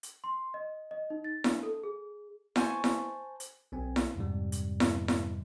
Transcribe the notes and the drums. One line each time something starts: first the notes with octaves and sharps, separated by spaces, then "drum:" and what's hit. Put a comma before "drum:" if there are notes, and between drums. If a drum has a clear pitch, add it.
drum: hi-hat
C6
D#5
D#5
D#4
A6
D4, drum: snare E4
A4
G#4
C5 G#5 A5 C#6, drum: snare E4
drum: snare E4
drum: hi-hat
B1 C4 G#5
drum: snare E4
F2 G#2 C3 G3
drum: hi-hat
drum: snare E4
drum: snare E4